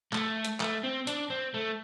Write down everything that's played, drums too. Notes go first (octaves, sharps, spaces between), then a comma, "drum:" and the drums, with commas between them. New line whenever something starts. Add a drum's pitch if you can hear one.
A3, drum: clap
drum: hi-hat
A3, drum: clap
C4
D4, drum: hi-hat
C4
A3